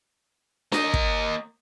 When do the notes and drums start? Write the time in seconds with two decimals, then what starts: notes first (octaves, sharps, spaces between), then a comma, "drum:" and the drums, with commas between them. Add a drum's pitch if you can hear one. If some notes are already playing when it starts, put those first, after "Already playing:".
0.72 A#3 D#5, drum: snare D4
0.94 drum: kick